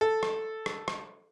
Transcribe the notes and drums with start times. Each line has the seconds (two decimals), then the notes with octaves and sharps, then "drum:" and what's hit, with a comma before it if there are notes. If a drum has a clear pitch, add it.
0.01 A4
0.23 drum: rim click
0.66 drum: rim click
0.88 drum: rim click